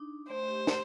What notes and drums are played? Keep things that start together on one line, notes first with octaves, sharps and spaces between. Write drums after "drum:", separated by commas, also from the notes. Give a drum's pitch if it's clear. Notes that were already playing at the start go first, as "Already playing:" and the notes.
Already playing: D4 D#4
A3 C5
G4
G4, drum: snare